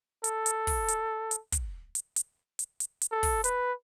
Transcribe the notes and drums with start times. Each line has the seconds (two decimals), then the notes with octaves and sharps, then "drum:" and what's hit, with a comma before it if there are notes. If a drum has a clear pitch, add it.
0.24 A4, drum: hi-hat
0.46 drum: hi-hat
0.67 drum: kick, open hi-hat
0.88 drum: hi-hat
1.31 drum: hi-hat
1.52 drum: kick, hi-hat
1.95 drum: hi-hat
2.16 drum: hi-hat
2.59 drum: hi-hat
2.80 drum: hi-hat
3.02 drum: hi-hat
3.12 A4
3.23 drum: kick, open hi-hat
3.44 B4, drum: hi-hat